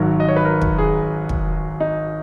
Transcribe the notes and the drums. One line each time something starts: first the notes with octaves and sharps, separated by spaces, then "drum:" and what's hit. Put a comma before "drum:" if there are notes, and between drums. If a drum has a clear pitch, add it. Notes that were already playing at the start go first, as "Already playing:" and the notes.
Already playing: G#1 G#2 F#3 A#4
D#5
C#5
B4
A#4
drum: kick
G#4
drum: kick
D#4